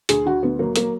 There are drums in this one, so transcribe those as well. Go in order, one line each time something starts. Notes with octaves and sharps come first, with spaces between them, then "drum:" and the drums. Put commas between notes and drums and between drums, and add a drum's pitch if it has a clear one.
D2 G#4, drum: hi-hat
D3 F#4
D2 B3
F#3 A#3
F#3 A#3, drum: hi-hat